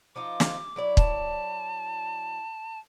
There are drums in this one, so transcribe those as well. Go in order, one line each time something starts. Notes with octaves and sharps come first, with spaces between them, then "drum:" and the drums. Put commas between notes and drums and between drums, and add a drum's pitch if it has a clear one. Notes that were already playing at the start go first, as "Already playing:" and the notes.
F3 D#4 F4 D6
drum: snare
F#3 E4 D5
A5, drum: kick